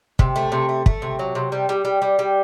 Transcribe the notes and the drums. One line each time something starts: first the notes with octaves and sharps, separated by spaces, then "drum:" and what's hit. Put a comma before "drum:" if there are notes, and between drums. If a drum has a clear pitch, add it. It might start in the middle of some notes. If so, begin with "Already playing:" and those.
C3, drum: kick
A3
C3
A3
A3, drum: kick
C3
F#3
C3
G3
G3
G3
G3
G3